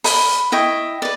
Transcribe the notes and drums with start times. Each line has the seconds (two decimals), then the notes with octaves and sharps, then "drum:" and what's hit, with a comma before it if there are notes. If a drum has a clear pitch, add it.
0.04 B5, drum: open hi-hat
0.52 E4 D#5 G5 C#6
1.02 B4 D5